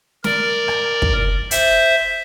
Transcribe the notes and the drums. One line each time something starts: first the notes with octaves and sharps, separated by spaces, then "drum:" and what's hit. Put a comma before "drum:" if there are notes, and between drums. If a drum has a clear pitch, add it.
A#4 D5, drum: snare
drum: rim click
drum: kick
C5 E5, drum: hi-hat